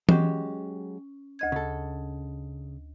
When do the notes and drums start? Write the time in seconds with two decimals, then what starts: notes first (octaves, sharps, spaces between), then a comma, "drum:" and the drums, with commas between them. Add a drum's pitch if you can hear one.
0.09 F#3 G#3 C#4 G4, drum: tom E3
1.39 D2 D#5 G#6
1.52 C#3 A4